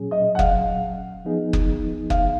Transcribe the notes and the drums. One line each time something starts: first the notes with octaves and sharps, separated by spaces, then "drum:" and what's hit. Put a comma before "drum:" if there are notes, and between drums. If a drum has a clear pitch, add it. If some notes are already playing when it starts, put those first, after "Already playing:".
Already playing: A#2 F#3 C#4 G#4
D#5
F#5
F5, drum: kick F#1
F3 B3 D#4 G#4
drum: kick F#1
F5, drum: kick F#1